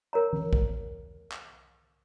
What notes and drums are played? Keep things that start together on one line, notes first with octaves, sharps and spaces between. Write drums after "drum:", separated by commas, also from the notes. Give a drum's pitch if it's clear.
A#4 C#5 A#5
drum: tom E3
drum: kick
drum: clap